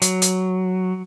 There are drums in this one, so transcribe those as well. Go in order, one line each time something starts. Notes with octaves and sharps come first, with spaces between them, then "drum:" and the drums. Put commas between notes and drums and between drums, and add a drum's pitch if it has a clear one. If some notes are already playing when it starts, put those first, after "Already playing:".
F#3, drum: hi-hat
drum: hi-hat